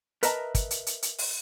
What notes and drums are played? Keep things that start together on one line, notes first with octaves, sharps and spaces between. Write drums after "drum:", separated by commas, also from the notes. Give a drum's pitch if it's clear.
A#4 B4 D#5 E5 A5 A#5, drum: hi-hat
drum: kick, hi-hat
drum: hi-hat
drum: hi-hat
drum: hi-hat
drum: open hi-hat